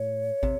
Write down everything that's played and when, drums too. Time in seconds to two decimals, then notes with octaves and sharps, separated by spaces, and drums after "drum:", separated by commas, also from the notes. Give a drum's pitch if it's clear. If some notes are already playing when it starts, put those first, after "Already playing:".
Already playing: A2 C#5
0.43 C3, drum: kick